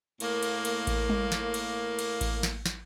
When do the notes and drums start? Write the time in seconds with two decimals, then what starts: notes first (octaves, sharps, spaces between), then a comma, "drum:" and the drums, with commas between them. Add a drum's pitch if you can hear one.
0.20 A2 A#3, drum: cymbal
0.43 drum: cymbal
0.65 drum: cymbal
0.87 drum: kick A1, cymbal
1.09 drum: tom G3
1.32 drum: snare
1.54 drum: cymbal
1.99 drum: cymbal
2.21 drum: kick A1, cymbal
2.43 drum: snare
2.66 drum: snare